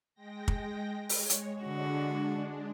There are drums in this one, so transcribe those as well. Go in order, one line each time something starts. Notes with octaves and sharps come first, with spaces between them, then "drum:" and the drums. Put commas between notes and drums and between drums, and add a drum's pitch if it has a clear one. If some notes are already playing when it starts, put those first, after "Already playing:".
G#3 G5 A#6
drum: kick
G#3 C#5, drum: open hi-hat
drum: hi-hat
D3 G#3 D4 F#4